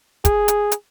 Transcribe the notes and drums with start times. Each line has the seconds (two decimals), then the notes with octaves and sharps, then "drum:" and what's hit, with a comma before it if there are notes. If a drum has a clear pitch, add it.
0.25 G#4, drum: kick, hi-hat
0.48 drum: hi-hat
0.72 drum: hi-hat